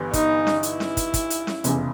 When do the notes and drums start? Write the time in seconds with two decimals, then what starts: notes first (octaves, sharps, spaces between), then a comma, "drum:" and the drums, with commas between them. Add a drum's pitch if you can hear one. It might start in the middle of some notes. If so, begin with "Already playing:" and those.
Already playing: G1 G2 E3 B3
0.13 D#4, drum: kick, hi-hat
0.47 drum: snare C#4
0.63 E4, drum: hi-hat
0.80 drum: snare C#4
0.97 drum: kick, hi-hat
1.14 drum: kick, hi-hat
1.30 drum: hi-hat
1.47 drum: snare C#4
1.64 F1 E2 C#3, drum: hi-hat